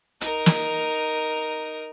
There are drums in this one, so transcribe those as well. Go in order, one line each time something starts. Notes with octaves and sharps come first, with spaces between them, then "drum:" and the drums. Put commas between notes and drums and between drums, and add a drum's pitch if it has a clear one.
D#4 A#4, drum: hi-hat
drum: snare